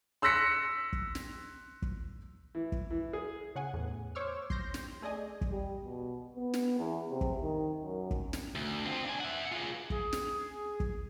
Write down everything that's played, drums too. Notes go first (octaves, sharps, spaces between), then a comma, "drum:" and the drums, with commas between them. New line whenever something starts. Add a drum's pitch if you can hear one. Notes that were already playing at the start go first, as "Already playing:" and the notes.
C6 E6 F#6 A#6 B6 C#7
drum: kick
drum: snare
drum: kick
E3
drum: kick
E3
G#4
C#3 F#5 G#5
E2 A2
C5 C#5 C#6 D6 E6 F6
C6 G6 A#6, drum: kick
drum: snare
A3 G#4 D5 D#5 G#5
drum: kick
G3
B2
B3
drum: snare
E2
C3
drum: kick
D#3
F#2
drum: kick
drum: snare
D2
C4 F4
D4 G#5
E5 F#5
F4 G#4
G#4, drum: kick
drum: snare
drum: kick